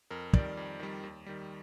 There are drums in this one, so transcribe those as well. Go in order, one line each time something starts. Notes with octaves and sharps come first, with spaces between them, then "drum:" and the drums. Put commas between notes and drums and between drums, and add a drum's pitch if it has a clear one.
F2 A#4
D#3 G3 D5, drum: kick
F2
D#3 G3
D#2
D#3 G3